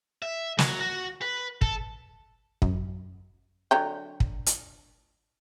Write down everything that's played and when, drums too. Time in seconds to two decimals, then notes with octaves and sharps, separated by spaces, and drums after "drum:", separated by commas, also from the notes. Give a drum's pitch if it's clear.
0.22 E5
0.59 F#3, drum: snare
0.80 F#4
1.22 B4
1.61 A4, drum: kick
2.62 F#2, drum: kick
3.71 D3 F#3 G5
4.20 drum: kick
4.46 drum: hi-hat